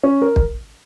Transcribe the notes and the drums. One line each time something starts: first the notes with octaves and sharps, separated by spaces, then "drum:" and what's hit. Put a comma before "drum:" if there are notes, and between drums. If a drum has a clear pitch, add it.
C#4
A#4
drum: kick